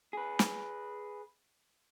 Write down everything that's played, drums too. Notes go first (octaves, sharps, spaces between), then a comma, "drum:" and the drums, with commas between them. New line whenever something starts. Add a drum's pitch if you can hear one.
G#4 B4
drum: snare